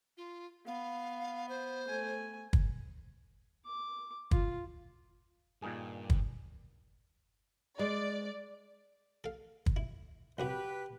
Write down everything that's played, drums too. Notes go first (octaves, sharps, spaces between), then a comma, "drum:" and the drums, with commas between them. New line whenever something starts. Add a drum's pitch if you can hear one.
F4
B3 F5
C5
A3 G#5
drum: kick
D6
F4, drum: kick
G2 A#2 D#3 G#4
drum: kick
G#3 D5
A4 F5
drum: kick
E4
C2 F#2 F#4 G4 B4